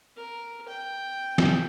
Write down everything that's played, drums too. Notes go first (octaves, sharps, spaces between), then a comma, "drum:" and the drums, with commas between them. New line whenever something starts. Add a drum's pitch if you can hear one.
A#4
G5
drum: snare